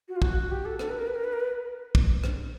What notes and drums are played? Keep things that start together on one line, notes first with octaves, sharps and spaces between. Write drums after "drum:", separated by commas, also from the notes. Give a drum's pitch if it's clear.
F#4
F4
F#4, drum: kick
G4
A4
A4, drum: rim click
B4
A#4
B4
A#4
B4
A#4
B4
drum: kick
drum: rim click